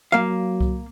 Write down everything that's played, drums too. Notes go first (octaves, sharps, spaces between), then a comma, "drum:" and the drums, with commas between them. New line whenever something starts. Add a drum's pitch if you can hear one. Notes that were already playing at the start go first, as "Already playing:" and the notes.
F#3 A#3 F5
drum: kick C2